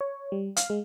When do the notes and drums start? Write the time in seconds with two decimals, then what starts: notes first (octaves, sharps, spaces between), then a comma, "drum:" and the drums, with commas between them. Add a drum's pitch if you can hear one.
0.01 C#5
0.32 G3
0.57 F5, drum: hi-hat
0.70 G#3